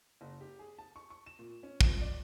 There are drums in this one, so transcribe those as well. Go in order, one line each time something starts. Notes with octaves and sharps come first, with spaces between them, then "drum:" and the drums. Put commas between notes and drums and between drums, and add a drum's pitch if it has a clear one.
F#1
G4
G#4
A5
C#6
C#6
E7
A#2
C#4
F2, drum: kick
D5